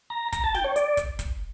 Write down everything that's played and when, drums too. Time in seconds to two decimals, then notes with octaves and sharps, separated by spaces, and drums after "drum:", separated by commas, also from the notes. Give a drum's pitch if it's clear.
0.10 A#5
0.33 A#5, drum: kick, hi-hat
0.44 A5
0.55 G5, drum: snare
0.64 C#5
0.76 D5, drum: hi-hat
0.97 drum: kick, hi-hat
1.19 drum: kick, hi-hat